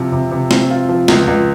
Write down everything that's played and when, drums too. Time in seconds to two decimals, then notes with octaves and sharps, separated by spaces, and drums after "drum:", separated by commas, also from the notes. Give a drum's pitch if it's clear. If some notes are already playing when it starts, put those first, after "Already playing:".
Already playing: C3 F3
0.12 C3
0.31 C3
0.51 C4, drum: snare
0.70 F4
0.89 F3
1.08 C#2, drum: snare
1.27 C#2